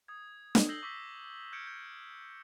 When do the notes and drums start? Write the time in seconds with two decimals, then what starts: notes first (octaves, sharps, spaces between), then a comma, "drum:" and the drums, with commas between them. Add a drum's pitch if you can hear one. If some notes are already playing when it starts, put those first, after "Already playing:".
0.08 D#6 G#6
0.55 drum: snare
0.68 E6 G6 A#6 C7 F#7 G7
0.83 C#6 D6 E6 A#6 B6
1.52 F6 G6 G#6 C#7 D7
1.67 G6